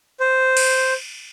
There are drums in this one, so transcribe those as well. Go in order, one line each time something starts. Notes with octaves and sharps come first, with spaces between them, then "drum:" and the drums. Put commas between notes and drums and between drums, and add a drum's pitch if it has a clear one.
C5
drum: cymbal